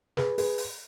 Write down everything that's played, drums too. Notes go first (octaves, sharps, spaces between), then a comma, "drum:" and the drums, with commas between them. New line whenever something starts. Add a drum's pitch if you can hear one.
G#4 B4, drum: snare
G#4 B4, drum: open hi-hat
drum: open hi-hat